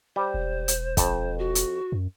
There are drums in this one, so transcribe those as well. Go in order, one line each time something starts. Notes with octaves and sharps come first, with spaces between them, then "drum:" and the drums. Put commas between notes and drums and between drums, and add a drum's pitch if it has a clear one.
G3 C5
E1
drum: hi-hat
F2 A5, drum: kick, hi-hat
F#4
drum: hi-hat
F#2